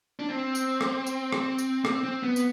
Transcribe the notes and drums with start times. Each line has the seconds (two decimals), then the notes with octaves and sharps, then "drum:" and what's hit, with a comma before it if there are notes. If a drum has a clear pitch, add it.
0.19 D4
0.29 C4
0.55 drum: tambourine
0.81 drum: rim click
1.07 drum: tambourine
1.33 drum: rim click
1.58 drum: tambourine
1.85 C4, drum: rim click
2.04 C4
2.23 B3
2.36 drum: tambourine